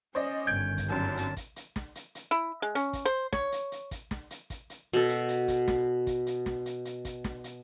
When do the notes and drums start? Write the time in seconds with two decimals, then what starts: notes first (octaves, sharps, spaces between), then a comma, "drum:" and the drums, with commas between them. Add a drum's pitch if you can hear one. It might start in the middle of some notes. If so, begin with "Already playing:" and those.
0.15 C#4 C5 D5 D#5
0.47 G1 G2 D#3 G6 G#6 D7
0.78 drum: kick, hi-hat
0.90 G#1 F#2 A5
1.17 drum: hi-hat
1.37 drum: kick, hi-hat
1.56 drum: hi-hat
1.76 drum: snare
1.95 drum: hi-hat
2.15 drum: hi-hat
2.31 E4
2.62 G#3
2.75 C#4, drum: hi-hat
2.93 drum: kick, hi-hat
3.05 C5
3.33 C#5, drum: snare
3.52 drum: hi-hat
3.72 drum: hi-hat
3.91 drum: kick, hi-hat
4.11 drum: snare
4.31 drum: hi-hat
4.50 drum: kick, hi-hat
4.70 drum: hi-hat
4.93 B2 A4
5.09 drum: hi-hat
5.28 drum: hi-hat
5.48 drum: kick, hi-hat
5.68 drum: snare
6.07 drum: kick, hi-hat
6.26 drum: hi-hat
6.46 drum: snare
6.66 drum: hi-hat
6.85 drum: hi-hat
7.05 drum: kick, hi-hat
7.24 drum: snare
7.44 drum: hi-hat